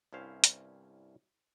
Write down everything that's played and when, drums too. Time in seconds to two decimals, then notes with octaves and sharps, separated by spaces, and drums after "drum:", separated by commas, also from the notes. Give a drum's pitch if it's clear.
0.13 C2 G2 C#4 E4 C5 F5
0.44 drum: hi-hat